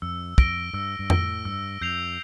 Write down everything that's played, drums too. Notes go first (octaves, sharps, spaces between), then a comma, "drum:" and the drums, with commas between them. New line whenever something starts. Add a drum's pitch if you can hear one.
F2 E6
F2 A#6 D7 G7, drum: kick
G2 E6
G2
A2 A#6 D7 G7, drum: tom F2
G2 E6
F2 G6 C7 F7